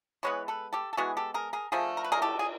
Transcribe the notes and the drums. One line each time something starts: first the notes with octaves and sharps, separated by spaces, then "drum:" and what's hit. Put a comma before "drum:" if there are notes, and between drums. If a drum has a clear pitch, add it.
E3 G#3 B3 B4 C#5
A4 B4
G4 A4
A4
E3 G#3 B3 F#4 G#4
G4 A4
G#4 A#4
G#4 A#4
D3 F3 A3 G#4 A#4
A#4
B4
G#4 A#4, drum: cymbal
G4 A4
G#4